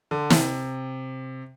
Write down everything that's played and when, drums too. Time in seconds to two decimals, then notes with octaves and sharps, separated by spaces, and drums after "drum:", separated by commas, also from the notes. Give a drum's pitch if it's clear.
0.11 D3
0.30 C3, drum: snare